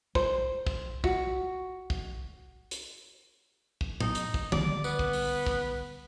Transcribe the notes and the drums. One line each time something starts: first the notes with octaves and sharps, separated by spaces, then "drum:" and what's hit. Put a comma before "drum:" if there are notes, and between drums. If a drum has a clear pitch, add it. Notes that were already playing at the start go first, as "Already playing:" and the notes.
C5, drum: kick
drum: kick
F#4, drum: kick
drum: kick
drum: hi-hat
drum: kick
D#4, drum: tom A2
drum: hi-hat
drum: kick
D3 G3 D5, drum: tom
B3, drum: tambourine
drum: kick
drum: open hi-hat
drum: kick